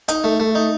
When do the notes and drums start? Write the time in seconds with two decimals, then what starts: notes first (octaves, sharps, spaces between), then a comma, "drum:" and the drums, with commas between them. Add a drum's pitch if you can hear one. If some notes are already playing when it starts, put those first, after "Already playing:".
0.08 D#4, drum: hi-hat
0.24 A3
0.40 A3
0.55 D#4